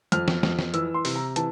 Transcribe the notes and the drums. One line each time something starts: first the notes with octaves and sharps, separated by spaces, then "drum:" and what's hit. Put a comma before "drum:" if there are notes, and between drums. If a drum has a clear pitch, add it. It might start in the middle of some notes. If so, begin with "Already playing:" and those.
F2 F6, drum: hi-hat
drum: snare
F2, drum: snare
drum: snare
E3 E6, drum: hi-hat
C6
C3, drum: open hi-hat
A#5
E3 A5, drum: hi-hat